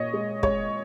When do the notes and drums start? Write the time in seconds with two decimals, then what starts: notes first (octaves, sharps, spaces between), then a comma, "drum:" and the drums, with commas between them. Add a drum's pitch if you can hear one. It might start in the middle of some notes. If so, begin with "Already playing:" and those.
Already playing: A#2 C#5 D#5
0.14 G#3
0.43 G#3 C#5, drum: kick